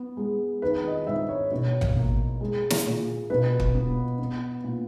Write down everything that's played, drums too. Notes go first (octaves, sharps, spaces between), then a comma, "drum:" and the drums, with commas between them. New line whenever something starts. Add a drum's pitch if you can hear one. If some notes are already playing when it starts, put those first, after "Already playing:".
Already playing: B3
G#3
D#3 B4
D#5
G#2 E5
C#5
B2 C#5
drum: tom A1
A#3
G#3
drum: snare
A#2
B2 B4
drum: kick
B3
B3
A#2